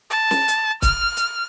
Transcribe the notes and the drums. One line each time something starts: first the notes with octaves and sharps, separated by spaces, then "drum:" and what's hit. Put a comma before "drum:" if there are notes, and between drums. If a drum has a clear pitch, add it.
A5
drum: snare
drum: hi-hat
F6, drum: kick, hi-hat
drum: hi-hat